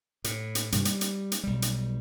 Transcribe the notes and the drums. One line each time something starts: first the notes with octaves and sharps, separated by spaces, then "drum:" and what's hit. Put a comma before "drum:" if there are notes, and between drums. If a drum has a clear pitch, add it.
A2, drum: hi-hat
drum: hi-hat
G2 C3 D#3, drum: hi-hat
G3, drum: hi-hat
drum: hi-hat
drum: hi-hat
B1 G3
drum: hi-hat